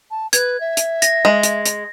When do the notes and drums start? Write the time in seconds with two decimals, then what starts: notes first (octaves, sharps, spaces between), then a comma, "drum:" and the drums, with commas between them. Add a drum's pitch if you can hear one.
0.11 A5
0.33 B4 G#6, drum: hi-hat
0.61 E5
0.77 drum: hi-hat
1.02 A#6, drum: hi-hat
1.25 G#3
1.43 drum: hi-hat
1.66 drum: hi-hat